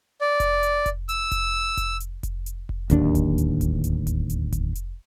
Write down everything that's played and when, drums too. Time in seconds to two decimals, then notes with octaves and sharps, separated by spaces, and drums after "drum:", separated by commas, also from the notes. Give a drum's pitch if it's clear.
0.21 D5
0.40 drum: kick F1, hi-hat
0.63 drum: hi-hat
0.86 drum: kick F1, hi-hat
1.09 E6, drum: hi-hat
1.32 drum: kick F1, hi-hat
1.77 drum: kick F1, hi-hat
2.00 drum: hi-hat
2.23 drum: kick F1, hi-hat
2.46 drum: hi-hat
2.69 drum: kick F1
2.90 D1 D#2 D4, drum: hi-hat
3.15 drum: kick F1, hi-hat
3.38 drum: hi-hat
3.61 drum: kick F1, hi-hat
3.84 drum: hi-hat
4.07 drum: kick F1, hi-hat
4.30 drum: hi-hat
4.52 drum: kick F1, hi-hat
4.75 drum: hi-hat